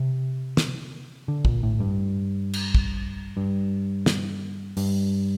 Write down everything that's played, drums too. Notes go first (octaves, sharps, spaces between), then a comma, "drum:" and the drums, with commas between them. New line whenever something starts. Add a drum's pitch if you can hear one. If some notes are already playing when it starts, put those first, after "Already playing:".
Already playing: C3
drum: snare
D3
A#2, drum: kick
A2
G2
drum: cymbal
drum: kick
G2
drum: snare
G2, drum: open hi-hat